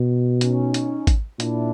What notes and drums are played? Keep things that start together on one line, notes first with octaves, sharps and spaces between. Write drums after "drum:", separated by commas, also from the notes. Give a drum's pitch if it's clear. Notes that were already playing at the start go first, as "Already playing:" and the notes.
Already playing: B2
C#4 D#4, drum: hi-hat
drum: hi-hat
drum: kick G#1, hi-hat
A#2 D4 E4, drum: hi-hat